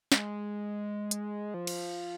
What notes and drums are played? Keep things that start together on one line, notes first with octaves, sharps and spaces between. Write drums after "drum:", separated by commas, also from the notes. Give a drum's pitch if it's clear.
G#3, drum: snare
drum: hi-hat
F3
drum: cymbal